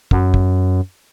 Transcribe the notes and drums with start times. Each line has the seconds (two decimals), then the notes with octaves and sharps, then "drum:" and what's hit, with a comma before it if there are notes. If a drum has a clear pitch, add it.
0.11 F#2, drum: kick
0.34 drum: kick